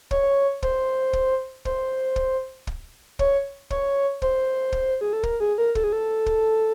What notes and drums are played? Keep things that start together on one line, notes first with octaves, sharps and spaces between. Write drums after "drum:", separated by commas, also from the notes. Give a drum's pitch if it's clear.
C#5, drum: kick
C5, drum: kick
drum: kick
C5, drum: kick
drum: kick
drum: kick
C#5, drum: kick
C#5, drum: kick
C5, drum: kick
drum: kick
G#4
A4
A#4, drum: kick
G#4
A#4
A4, drum: kick
G#4
A4
drum: kick